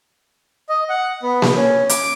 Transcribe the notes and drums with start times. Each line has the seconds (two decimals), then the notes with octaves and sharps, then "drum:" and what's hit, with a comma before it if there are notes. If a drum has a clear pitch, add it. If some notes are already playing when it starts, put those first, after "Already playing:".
0.69 D#5
0.89 F#5
1.23 B3
1.42 drum: snare A#3
1.56 C#4
1.89 D6, drum: hi-hat